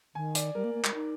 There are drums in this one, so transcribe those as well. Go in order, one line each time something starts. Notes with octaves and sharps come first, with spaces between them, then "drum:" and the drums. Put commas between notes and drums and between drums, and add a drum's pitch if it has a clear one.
D#3 G#5
D5, drum: hi-hat
G3 A#4
A#3
A#3
G#3, drum: clap
D#4